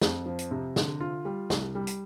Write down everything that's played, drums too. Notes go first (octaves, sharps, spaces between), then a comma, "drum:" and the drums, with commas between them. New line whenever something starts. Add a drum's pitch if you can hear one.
F2, drum: snare
F3
drum: hi-hat
C3
D3, drum: snare
F4
G3
C2, drum: snare
G3
drum: hi-hat